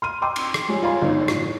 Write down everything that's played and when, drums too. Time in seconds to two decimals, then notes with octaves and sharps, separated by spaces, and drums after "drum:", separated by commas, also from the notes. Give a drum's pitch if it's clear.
0.02 C6 F6 D#7
0.22 G5 C6 D6 E6
0.36 drum: cymbal
0.54 drum: rim click
0.68 F3 G3 G#3 C#4
0.83 F4 C#5 F5 G#5 C6
1.02 G1 D#4 C#5
1.28 A2 F3, drum: rim click